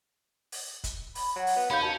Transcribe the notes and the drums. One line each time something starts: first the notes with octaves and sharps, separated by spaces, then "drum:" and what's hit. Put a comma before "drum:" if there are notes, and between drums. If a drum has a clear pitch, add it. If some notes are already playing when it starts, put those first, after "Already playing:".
drum: open hi-hat
drum: kick, hi-hat
B5, drum: open hi-hat
F#3 F#5
drum: open hi-hat
B3
D#2 C#4 F5 B5 G6
F#4 A5